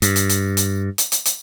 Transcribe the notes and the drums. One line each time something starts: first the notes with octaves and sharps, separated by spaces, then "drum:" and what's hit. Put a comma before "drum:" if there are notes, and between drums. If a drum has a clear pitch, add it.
G2, drum: hi-hat
drum: hi-hat
drum: hi-hat
drum: hi-hat
drum: hi-hat
drum: hi-hat
drum: hi-hat